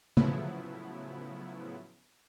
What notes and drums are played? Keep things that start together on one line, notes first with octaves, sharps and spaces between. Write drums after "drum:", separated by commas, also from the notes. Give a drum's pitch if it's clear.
A2 C#3 F3 F#3 B3 E4, drum: tom C#3